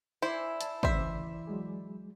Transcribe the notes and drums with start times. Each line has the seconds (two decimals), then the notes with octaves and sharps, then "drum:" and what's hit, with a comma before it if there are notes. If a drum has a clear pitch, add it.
0.22 E4 C5 D5 G#5
0.61 A5, drum: hi-hat
0.83 D2 C#3 E3 C5 D5 E5, drum: kick
1.47 F#3 G#3 G#4